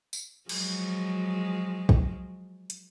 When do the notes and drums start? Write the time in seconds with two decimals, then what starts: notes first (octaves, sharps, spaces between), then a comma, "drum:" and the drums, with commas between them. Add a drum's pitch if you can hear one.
0.13 drum: tambourine
0.49 F3 F#3 G#3, drum: cymbal
1.89 drum: kick
2.70 drum: hi-hat